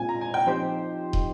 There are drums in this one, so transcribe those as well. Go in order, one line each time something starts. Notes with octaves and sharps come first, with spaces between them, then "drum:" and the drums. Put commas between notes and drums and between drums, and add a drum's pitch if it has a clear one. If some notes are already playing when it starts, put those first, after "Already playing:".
Already playing: A#2 G#3 C4 F4 G#5
A#5
G#5
G5
F3 C4 D#4 G4 C5
drum: kick